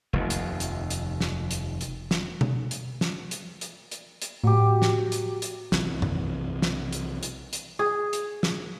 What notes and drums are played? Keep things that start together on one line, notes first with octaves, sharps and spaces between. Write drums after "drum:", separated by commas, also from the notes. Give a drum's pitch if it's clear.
F1 D#2
drum: hi-hat
drum: hi-hat
drum: hi-hat
drum: snare
drum: hi-hat
drum: hi-hat
drum: snare
drum: tom B2
drum: hi-hat
drum: snare
drum: hi-hat
drum: hi-hat
drum: hi-hat
drum: hi-hat
A2 F#3 G4
drum: snare
drum: hi-hat
drum: hi-hat
B1 C3 E3, drum: snare
drum: tom F#2
drum: snare
drum: hi-hat
drum: hi-hat
drum: hi-hat
G#4
drum: hi-hat
drum: snare